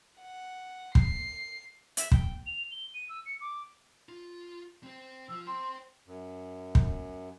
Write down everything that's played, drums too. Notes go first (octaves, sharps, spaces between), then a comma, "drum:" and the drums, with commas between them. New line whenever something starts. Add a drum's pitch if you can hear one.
F#5
C7, drum: kick
E5, drum: hi-hat
G5, drum: kick
F7
G7
D#7
E6
C#7
D6
F4
C4 C5
F3 F4 E6
C5 G5 C6
F#2
drum: kick